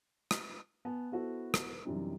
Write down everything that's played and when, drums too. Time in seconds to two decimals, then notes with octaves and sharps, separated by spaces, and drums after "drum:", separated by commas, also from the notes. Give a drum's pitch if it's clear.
0.31 drum: rim click
0.85 B3 G#5 A5
1.12 B3 E4 F#4 A4 C5
1.54 drum: rim click
1.85 F#2 C3 E3 G3 D4 D#4